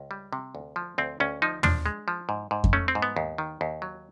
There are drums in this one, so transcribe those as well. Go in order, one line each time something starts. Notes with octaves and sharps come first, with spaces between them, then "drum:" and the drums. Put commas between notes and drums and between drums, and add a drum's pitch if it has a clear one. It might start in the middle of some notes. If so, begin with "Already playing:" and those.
Already playing: C#2
G3
C3
D2
F3
D2 C4
D2 C#4
F3 D#4
F3 D4, drum: tom
G#3
F3
G#2
G#2
drum: kick F2
A3 C#4
C4
G#2
B3
D#2
D#3
D#2
F#3